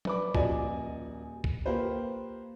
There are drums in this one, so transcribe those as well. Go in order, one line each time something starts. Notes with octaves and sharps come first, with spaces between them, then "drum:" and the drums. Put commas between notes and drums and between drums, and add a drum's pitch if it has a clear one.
D4 B4 D6, drum: tom F#3
D#1 F3 F#4 D5 D#5 G#5, drum: kick B1
drum: kick B1
A#3 F4 G4 B4 C5